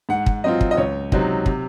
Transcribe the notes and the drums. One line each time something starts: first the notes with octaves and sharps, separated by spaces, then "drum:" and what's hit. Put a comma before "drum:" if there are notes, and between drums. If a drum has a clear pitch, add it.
G#2 F#5
drum: kick
F#3 C4 F4 D#5
drum: kick
D#5
C#2 C#5
C3 F#3 C4 D#4, drum: kick
C3, drum: kick